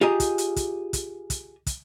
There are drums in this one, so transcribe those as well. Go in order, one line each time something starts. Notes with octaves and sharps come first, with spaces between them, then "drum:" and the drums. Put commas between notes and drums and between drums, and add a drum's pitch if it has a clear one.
F4 G4 G#4 D#5 A#5
drum: kick, hi-hat
drum: hi-hat
drum: kick, hi-hat
drum: kick, hi-hat
drum: kick, hi-hat
drum: kick, hi-hat